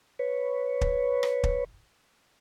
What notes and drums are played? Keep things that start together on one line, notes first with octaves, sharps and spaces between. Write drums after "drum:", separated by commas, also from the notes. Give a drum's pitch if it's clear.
B4 C#5
drum: kick
drum: rim click
drum: kick